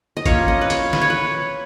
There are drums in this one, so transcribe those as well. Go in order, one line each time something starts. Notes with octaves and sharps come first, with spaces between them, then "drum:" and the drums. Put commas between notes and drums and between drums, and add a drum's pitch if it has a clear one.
D#5
F3 A#3 C#4 C#5, drum: kick G#1, hi-hat
D#5
B4
C#5, drum: hi-hat
B4, drum: snare
C#5
B4